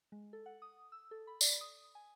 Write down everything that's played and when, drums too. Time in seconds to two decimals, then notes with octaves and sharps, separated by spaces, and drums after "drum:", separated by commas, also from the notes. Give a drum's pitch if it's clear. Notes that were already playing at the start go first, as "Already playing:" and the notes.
0.12 G#3
0.33 A4
0.46 F#5
0.62 D#6
0.92 E6
1.11 A4
1.27 B5
1.41 D5, drum: tambourine
1.61 D#6
1.95 G#5